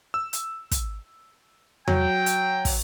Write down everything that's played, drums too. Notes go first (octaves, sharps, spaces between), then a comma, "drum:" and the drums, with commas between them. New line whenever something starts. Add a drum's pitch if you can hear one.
E6
drum: hi-hat
drum: kick, hi-hat
F#3 G5, drum: tom E2
drum: hi-hat
drum: kick, open hi-hat